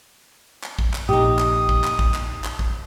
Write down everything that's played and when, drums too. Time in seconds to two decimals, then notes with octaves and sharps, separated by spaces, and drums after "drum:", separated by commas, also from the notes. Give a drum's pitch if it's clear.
0.64 drum: clap
0.79 drum: kick
0.94 drum: clap
1.09 A#1 A#2 D#4 G4 D#6
1.39 drum: clap
1.69 drum: kick
1.84 drum: clap
1.99 drum: kick
2.14 drum: clap
2.44 drum: clap
2.59 drum: kick